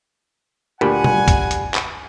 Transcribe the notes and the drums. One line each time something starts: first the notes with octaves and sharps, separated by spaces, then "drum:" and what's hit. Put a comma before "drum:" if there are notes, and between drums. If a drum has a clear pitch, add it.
D2 A#2 G4 D5 F#5 G#5 B5
drum: tom
drum: kick, hi-hat
drum: hi-hat
drum: clap